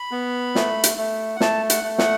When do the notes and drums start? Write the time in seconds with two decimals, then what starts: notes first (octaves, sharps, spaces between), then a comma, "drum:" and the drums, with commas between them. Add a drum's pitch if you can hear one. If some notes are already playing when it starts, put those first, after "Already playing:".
Already playing: B5
0.11 B3
0.55 A3, drum: snare
0.84 drum: hi-hat
0.97 A3
1.36 F#5
1.40 A3 A5, drum: snare
1.70 F#5, drum: hi-hat
1.84 A3
1.98 F#5, drum: snare